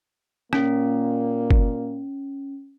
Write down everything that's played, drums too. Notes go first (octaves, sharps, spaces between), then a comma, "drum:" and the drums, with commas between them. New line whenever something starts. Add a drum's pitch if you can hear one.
A#2 A#3 C#4, drum: rim click
drum: kick F#1